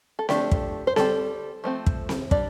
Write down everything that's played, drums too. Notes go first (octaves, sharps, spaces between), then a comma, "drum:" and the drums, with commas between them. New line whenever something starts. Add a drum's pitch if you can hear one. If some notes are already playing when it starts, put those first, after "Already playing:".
A4
F3 A3 D4 G4, drum: snare C4
drum: kick
C5
G3 C4 A4, drum: snare C4
F3 A3 C4
drum: kick
drum: snare C4
G3 D4 D5, drum: kick